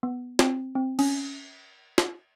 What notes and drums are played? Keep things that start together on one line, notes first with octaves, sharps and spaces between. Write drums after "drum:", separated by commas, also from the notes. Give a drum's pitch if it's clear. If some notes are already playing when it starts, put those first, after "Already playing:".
B3
C4, drum: snare
C4
C#4, drum: cymbal
drum: snare